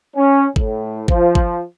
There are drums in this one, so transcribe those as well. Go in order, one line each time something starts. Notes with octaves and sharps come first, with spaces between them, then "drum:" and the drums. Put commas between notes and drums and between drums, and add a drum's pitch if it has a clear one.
C#4
A2, drum: kick
F3, drum: kick
drum: kick